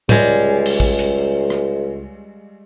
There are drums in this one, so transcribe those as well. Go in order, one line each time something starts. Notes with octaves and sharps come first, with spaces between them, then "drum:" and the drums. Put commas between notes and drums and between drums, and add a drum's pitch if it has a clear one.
C#2 G3 G#3, drum: tom A2
drum: cymbal
drum: kick
drum: hi-hat
drum: rim click